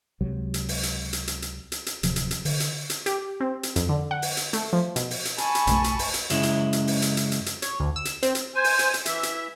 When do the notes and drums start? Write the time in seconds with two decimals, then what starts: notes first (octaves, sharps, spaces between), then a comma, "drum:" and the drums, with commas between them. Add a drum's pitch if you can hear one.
0.21 C#2 C3 F#3
0.54 drum: hi-hat
0.69 drum: open hi-hat
0.83 drum: hi-hat
1.13 drum: hi-hat
1.27 drum: hi-hat
1.42 drum: hi-hat
1.72 drum: hi-hat
1.86 drum: hi-hat
2.03 D1 C3 F3 F#3, drum: hi-hat
2.16 drum: hi-hat
2.31 drum: hi-hat
2.45 D3, drum: open hi-hat
2.60 drum: hi-hat
2.90 drum: hi-hat
3.06 G4, drum: hi-hat
3.40 C4
3.63 drum: hi-hat
3.76 F2, drum: hi-hat
3.89 D3
4.11 F#5
4.22 drum: open hi-hat
4.37 drum: hi-hat
4.53 A3, drum: hi-hat
4.73 F3
4.96 B2, drum: hi-hat
5.11 drum: open hi-hat
5.25 drum: hi-hat
5.38 G#5 A5 B5 C#6, drum: hi-hat
5.55 drum: hi-hat
5.67 F#1 B1 A3, drum: hi-hat
5.84 drum: hi-hat
5.99 drum: open hi-hat
6.14 drum: hi-hat
6.30 F#2 C#3 G#3 E4, drum: hi-hat
6.43 drum: hi-hat
6.73 drum: hi-hat
6.87 drum: open hi-hat
7.02 drum: hi-hat
7.17 drum: hi-hat
7.32 drum: hi-hat
7.46 drum: hi-hat
7.62 C#5, drum: hi-hat
7.80 D2
7.96 E6
8.05 drum: hi-hat
8.23 C4, drum: hi-hat
8.35 drum: hi-hat
8.55 C5 G#5
8.64 drum: open hi-hat
8.79 drum: hi-hat
8.94 drum: hi-hat
9.06 E3 E5, drum: hi-hat
9.23 drum: hi-hat